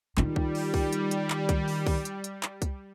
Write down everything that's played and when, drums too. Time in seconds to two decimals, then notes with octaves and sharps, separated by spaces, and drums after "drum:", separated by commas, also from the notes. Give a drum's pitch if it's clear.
0.17 D#3 G3 D#4 F4, drum: clap
0.36 drum: kick C2
0.55 drum: open hi-hat
0.74 drum: kick C2, open hi-hat
0.93 drum: hi-hat
1.11 drum: hi-hat
1.30 drum: clap
1.49 drum: kick C2, hi-hat
1.68 drum: open hi-hat
1.86 drum: kick C2, open hi-hat
2.05 drum: hi-hat
2.24 drum: hi-hat
2.43 drum: clap
2.62 drum: kick C2, hi-hat